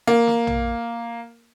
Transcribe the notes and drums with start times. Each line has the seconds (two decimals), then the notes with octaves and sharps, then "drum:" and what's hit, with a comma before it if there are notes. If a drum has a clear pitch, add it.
0.07 A#3
0.27 drum: snare
0.47 drum: tom